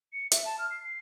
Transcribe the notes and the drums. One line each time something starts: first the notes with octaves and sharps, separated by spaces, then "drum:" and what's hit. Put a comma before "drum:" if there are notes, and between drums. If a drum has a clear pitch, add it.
C#7
E5, drum: hi-hat
A5
F6
C7
C7